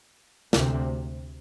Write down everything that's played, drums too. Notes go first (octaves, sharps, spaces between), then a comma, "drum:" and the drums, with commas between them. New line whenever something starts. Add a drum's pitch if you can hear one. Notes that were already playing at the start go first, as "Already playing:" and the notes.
D2 C3, drum: snare